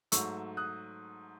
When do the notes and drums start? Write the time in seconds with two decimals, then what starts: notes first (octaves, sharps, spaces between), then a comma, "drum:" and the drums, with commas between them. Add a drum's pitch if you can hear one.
0.12 G#2 F#3 A3 C#6 E6, drum: hi-hat
0.57 D#6 F#6